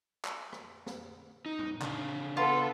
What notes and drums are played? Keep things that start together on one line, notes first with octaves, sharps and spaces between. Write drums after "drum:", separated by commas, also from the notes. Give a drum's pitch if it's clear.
drum: clap
drum: rim click
drum: snare
D#4
drum: tom
C#3 D4 F5, drum: clap
B3 F4 A4 B4